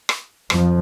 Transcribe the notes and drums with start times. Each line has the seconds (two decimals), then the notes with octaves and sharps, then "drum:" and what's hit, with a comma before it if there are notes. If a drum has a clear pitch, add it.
0.09 drum: rim click
0.50 F2 F3, drum: rim click